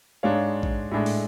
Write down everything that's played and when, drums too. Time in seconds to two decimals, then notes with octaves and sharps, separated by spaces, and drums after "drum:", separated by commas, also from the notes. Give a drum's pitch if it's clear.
0.23 G#2 G#3 D4 C#5 F5
0.63 drum: kick A1
0.92 A2 G#3 D4
1.06 drum: open hi-hat